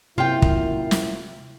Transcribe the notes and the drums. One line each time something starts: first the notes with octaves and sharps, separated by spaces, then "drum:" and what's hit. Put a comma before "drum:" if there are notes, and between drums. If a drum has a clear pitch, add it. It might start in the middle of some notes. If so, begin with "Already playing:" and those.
F#2 C3 A#3 E4 F4 G5
drum: kick
drum: snare